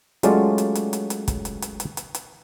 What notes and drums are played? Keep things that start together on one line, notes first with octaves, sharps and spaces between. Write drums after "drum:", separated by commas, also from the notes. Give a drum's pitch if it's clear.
F#3 G#3 A3 C#4 F4 D5, drum: hi-hat
drum: hi-hat
drum: hi-hat
drum: hi-hat
drum: hi-hat
drum: kick, hi-hat
drum: hi-hat
drum: hi-hat
drum: hi-hat
drum: hi-hat
drum: hi-hat